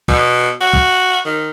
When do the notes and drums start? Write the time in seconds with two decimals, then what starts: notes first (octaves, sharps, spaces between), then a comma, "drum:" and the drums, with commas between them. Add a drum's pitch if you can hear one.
0.08 B2, drum: kick
0.61 F#4
0.73 drum: kick
1.26 D#3